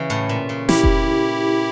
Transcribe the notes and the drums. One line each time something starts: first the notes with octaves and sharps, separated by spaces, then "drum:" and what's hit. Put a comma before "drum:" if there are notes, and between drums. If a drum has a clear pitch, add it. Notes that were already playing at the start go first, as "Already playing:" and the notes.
Already playing: C#3 E3
A2
A#2
C#3
E4 G4, drum: snare
drum: kick F1